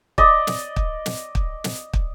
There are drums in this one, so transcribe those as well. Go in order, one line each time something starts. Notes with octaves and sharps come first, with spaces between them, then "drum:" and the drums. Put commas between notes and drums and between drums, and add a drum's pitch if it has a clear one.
D5 D#5, drum: kick
drum: snare
drum: kick
drum: snare
drum: kick
drum: snare
drum: kick